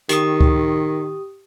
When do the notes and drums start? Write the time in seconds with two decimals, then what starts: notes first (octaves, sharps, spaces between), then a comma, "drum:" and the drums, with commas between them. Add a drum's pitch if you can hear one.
0.09 D#3 G4 D#6, drum: hi-hat
0.41 drum: kick C#2